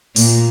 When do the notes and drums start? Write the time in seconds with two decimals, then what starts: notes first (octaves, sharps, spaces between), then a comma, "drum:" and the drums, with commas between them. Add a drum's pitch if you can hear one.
0.16 A#2, drum: open hi-hat